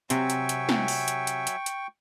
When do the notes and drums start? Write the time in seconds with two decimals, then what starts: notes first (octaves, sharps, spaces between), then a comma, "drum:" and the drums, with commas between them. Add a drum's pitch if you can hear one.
0.10 C3 F#3 C4 E5 G5 G#5 C#6, drum: hi-hat
0.30 drum: hi-hat
0.49 drum: hi-hat
0.69 drum: snare
0.88 drum: open hi-hat
1.08 drum: hi-hat
1.27 drum: hi-hat
1.47 drum: hi-hat
1.66 drum: hi-hat